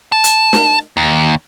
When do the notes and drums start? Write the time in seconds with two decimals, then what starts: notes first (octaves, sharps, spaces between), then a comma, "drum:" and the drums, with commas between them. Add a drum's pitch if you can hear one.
0.12 A5
0.24 drum: hi-hat
0.53 drum: snare
0.97 D#2